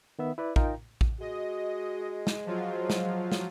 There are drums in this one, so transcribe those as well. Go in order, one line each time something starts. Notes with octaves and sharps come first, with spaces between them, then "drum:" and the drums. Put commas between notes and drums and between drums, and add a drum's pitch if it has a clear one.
D#3 B3 E5
E4 B4 D5
D#4 F4 A#4 F5 G5 A#5, drum: kick
drum: kick
G#3 F#4 D#5
drum: snare
F3 F#3 F4 C5
drum: snare
drum: snare